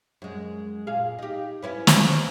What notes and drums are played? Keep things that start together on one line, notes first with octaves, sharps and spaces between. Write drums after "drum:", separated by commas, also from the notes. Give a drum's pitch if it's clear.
F#2 G#3
A#2 G#4 F5
D#4 G4
B3 C#4 E4
drum: snare